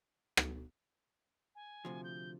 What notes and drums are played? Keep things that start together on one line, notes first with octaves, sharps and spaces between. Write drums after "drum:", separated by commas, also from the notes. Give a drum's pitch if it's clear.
drum: rim click
G#5
D2 C3 F3
G6